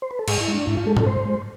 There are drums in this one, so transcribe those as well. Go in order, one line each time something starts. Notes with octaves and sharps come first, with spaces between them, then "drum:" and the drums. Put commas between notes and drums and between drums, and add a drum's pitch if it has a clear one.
C5
B4
A4
G#2 G#4, drum: cymbal
E4
G#3
D4
G#2 E4
F4
G#3 A4
A4, drum: tom
G#2 C5
G#3